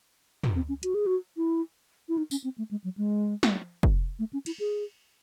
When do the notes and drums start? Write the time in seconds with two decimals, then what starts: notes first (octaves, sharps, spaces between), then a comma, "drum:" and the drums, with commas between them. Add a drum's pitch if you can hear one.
0.43 drum: tom
0.56 C4
0.69 C#4
0.83 F#4, drum: hi-hat
0.94 G#4
1.06 F#4
1.37 E4
2.08 E4
2.18 D#4
2.31 C#4, drum: tambourine
2.44 C4
2.58 A3
2.71 G#3
2.84 F#3
2.97 G#3
3.43 drum: snare
3.83 drum: kick
4.19 A3
4.33 C#4
4.46 E4, drum: cymbal
4.59 G#4